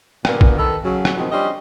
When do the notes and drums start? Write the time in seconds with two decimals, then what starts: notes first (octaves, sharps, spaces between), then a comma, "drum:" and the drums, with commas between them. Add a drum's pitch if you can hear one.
0.25 G2 A#2 D3 A#3 B3, drum: rim click
0.41 drum: kick
0.57 D#3 A4 B4
0.83 C#3 F#3
1.05 drum: rim click
1.16 G#2 B2 D#3 F3 G#3 C4
1.32 F3 G3 C#4 D4 C5 D#5